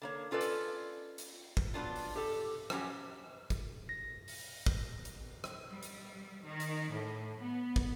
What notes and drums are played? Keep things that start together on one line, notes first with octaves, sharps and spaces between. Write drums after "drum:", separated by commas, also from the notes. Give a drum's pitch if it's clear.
D3 A#3 C#5
C#4 F4 A4 B4 D5
drum: hi-hat
drum: hi-hat
drum: kick
F#3 B3 D4 F4
drum: open hi-hat
G4 A4
F3 F#3 C#4 F4 G4, drum: rim click
drum: kick, hi-hat
A#6
drum: open hi-hat
drum: kick
drum: hi-hat
drum: rim click
G3
drum: hi-hat
D#3
drum: hi-hat
A2
B3
drum: kick